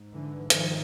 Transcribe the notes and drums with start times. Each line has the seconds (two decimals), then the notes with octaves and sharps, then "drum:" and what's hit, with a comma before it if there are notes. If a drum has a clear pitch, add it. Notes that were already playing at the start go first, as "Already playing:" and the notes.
Already playing: G#2
0.13 D3 E3
0.50 D#3 F3, drum: hi-hat